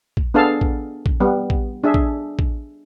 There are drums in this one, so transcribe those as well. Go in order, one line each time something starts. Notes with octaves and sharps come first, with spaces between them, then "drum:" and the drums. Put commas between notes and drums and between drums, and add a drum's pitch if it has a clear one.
drum: kick
B3 D4 G#4 A4 F5 A5
drum: kick
drum: kick
G3 B3
drum: kick
D4 G#4 E5
drum: kick
drum: kick